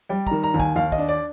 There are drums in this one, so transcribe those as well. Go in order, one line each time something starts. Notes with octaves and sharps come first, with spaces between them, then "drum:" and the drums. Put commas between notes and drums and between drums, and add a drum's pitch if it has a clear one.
G3 G5
D#3 A#5, drum: kick
A#5
D#2
G#5, drum: kick
D#2 F5
D#5, drum: kick
D4
D5